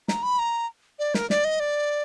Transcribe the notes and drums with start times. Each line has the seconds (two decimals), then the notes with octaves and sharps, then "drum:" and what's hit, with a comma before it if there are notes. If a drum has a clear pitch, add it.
0.08 A#5, drum: snare
0.23 B5
0.39 A#5
0.99 D5
1.14 A#4, drum: snare
1.30 D5, drum: snare
1.44 D#5
1.60 D5